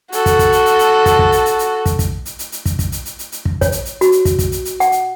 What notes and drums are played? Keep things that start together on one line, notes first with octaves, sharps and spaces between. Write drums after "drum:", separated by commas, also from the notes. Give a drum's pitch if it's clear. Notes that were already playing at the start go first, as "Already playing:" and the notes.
F#4 A4, drum: hi-hat
drum: kick, hi-hat
drum: kick, hi-hat
drum: hi-hat
drum: hi-hat
drum: hi-hat
drum: kick, hi-hat
drum: kick
drum: hi-hat
drum: hi-hat
drum: hi-hat
drum: kick, hi-hat
drum: kick, hi-hat
drum: hi-hat
drum: hi-hat
drum: hi-hat
drum: kick, hi-hat
drum: kick, hi-hat
drum: hi-hat
drum: hi-hat
drum: hi-hat
drum: hi-hat
drum: kick
C#5, drum: kick, hi-hat
drum: hi-hat
drum: hi-hat
F#4, drum: hi-hat
drum: hi-hat
drum: kick, hi-hat
drum: kick, hi-hat
drum: hi-hat
drum: hi-hat
F#5, drum: hi-hat
drum: hi-hat